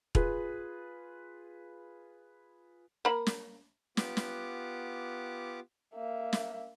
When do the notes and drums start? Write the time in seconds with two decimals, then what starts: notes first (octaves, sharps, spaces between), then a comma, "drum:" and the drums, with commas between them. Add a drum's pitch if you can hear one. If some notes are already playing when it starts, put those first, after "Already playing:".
0.15 F4 G#4 B4, drum: kick
3.05 A#3 B5
3.27 drum: snare
3.97 B3 F4 G4 F#5 D6, drum: snare
4.17 drum: snare
5.94 A#3 E5
6.33 drum: snare